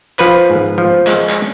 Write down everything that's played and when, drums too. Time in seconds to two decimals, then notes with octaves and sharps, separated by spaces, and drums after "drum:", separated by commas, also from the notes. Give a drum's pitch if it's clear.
0.19 F3 B4, drum: clap
0.50 G#2
0.78 F3
1.07 G#3, drum: clap
1.29 drum: clap